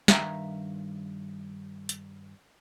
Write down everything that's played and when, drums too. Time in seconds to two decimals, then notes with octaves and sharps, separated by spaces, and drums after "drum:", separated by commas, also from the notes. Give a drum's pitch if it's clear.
0.08 G2 D#3 E5 F5 A#5, drum: snare
1.89 drum: hi-hat